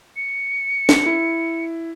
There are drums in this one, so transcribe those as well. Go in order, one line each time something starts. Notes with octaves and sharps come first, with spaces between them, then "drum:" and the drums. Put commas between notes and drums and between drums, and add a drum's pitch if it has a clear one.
C#7
drum: snare
E4